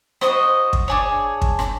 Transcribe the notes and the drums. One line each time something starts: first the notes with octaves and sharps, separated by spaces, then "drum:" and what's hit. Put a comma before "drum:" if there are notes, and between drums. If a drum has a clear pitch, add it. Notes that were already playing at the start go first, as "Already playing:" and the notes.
F#4 C5 D#5, drum: rim click
drum: kick
D4 G#4 C#5
drum: kick
drum: rim click